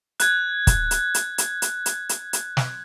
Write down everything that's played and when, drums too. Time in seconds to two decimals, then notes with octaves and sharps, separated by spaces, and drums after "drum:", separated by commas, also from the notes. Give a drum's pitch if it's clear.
0.20 F#6 G#6, drum: hi-hat
0.67 drum: kick, hi-hat
0.91 drum: hi-hat
1.14 drum: hi-hat
1.38 drum: hi-hat
1.62 drum: hi-hat
1.86 drum: hi-hat
2.09 drum: hi-hat
2.33 drum: hi-hat
2.57 drum: snare